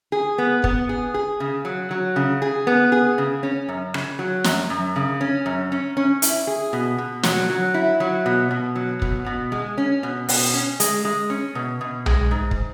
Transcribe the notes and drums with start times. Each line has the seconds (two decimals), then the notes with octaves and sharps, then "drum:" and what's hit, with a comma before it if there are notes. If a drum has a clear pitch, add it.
0.12 G#4
0.38 B3
0.64 B3, drum: kick
0.89 G#4
1.14 G#4
1.40 C#3
1.65 F#3
1.91 F#3
2.16 C#3
2.42 G#4
2.67 B3
2.92 G#4
3.18 C#3
3.43 C#4
3.69 F#2
3.94 C#3, drum: rim click
4.19 F#3
4.44 F#2, drum: snare
4.70 F#2
4.96 C#3
5.21 C#4
5.46 F#2
5.72 C#4
5.97 C#4
6.22 E4, drum: hi-hat
6.47 G#4
6.73 B2
6.98 B2
7.23 F#3, drum: snare
7.50 F#3
7.74 E4
8.00 F#3
8.26 B2
8.51 B2
8.75 F#3
9.02 B2, drum: kick
9.26 B2
9.52 G#3
9.78 C#4
10.03 B2
10.29 B2, drum: open hi-hat
10.54 C#4
10.80 G#3, drum: hi-hat
11.05 G#3
11.30 C#4
11.55 B2
11.81 B2
12.06 G#3, drum: tom B1
12.31 G#2
12.51 drum: kick